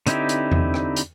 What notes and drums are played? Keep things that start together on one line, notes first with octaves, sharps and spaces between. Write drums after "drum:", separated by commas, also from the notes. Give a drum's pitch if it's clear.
D3 C4 D#4 E4 G4, drum: hi-hat
drum: hi-hat
drum: tom E2
drum: rim click
drum: hi-hat